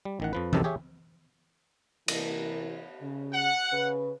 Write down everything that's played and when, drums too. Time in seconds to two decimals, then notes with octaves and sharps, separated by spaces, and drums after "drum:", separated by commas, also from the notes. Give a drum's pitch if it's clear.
0.05 G3
0.20 A1 D#3 F#5
0.33 F2 F3 B4
0.53 C2 F#2 C3 D#3 A4 D5, drum: tom E3
0.64 G4 G#4 C#5 E5
2.08 C3 E3 A#4, drum: cymbal
3.01 C#3
3.33 F#5
3.72 C#3 B4